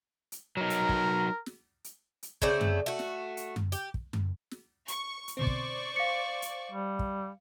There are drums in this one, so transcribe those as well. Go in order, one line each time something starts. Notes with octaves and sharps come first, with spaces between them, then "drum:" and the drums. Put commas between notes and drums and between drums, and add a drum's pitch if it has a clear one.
drum: hi-hat
F#3 D#4 A#4
drum: hi-hat
drum: kick
drum: snare
drum: hi-hat
drum: hi-hat
C#3 A3 C4 D5, drum: kick
drum: tom F#2
A3 F#4
drum: snare
drum: hi-hat
drum: tom F#2
G4, drum: hi-hat
drum: kick
drum: tom F#2
drum: snare
C#6, drum: hi-hat
drum: hi-hat
B2 D3 C4 C5 D5 C#6
drum: kick
F5 C#7
drum: hi-hat
G3
drum: kick